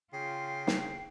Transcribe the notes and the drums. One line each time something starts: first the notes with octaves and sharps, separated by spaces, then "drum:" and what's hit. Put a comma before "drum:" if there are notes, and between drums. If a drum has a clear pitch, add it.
C#3 F4 G5 C7
drum: snare